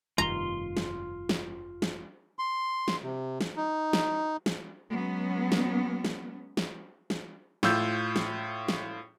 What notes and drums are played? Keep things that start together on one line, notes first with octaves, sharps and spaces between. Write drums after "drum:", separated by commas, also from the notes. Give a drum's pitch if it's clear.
F1 G2 D#3 F4 A#5 C6
drum: snare
drum: snare
drum: snare
C6
drum: snare
C3
drum: snare
D#4
drum: snare
drum: snare
F#3 G#3 B3 C#4
drum: snare
drum: snare
drum: snare
drum: snare
A2 F4 E6 G6, drum: snare
drum: snare
drum: snare